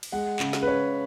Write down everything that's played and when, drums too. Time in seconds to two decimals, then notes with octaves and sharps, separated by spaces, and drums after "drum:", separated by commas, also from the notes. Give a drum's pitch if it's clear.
0.03 drum: cymbal
0.12 G#3 F#5
0.39 C#3, drum: clap
0.53 drum: snare
0.62 B4
0.67 C#3 C#5